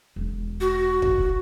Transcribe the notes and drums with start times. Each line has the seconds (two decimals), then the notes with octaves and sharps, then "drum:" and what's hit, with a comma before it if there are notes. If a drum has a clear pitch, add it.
0.16 E1
0.61 F#4
1.02 drum: kick